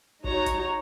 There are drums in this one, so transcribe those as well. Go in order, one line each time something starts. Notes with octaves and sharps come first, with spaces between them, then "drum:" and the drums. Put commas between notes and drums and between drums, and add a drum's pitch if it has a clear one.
D#4 F#4 C#5 A#5, drum: kick
drum: kick, hi-hat